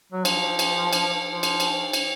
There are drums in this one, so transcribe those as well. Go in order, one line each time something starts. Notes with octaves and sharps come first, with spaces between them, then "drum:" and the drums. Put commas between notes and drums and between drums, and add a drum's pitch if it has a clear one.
F#3
F3, drum: cymbal
drum: cymbal
drum: cymbal
F3
drum: cymbal
drum: cymbal
drum: cymbal